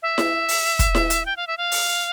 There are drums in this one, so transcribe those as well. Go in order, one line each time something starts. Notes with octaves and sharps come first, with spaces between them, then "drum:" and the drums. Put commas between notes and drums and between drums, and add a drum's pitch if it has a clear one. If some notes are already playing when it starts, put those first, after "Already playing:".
E5
drum: snare E4
drum: open hi-hat
drum: kick, hi-hat
drum: snare E4
drum: hi-hat
G5
F5
E5
F5
drum: open hi-hat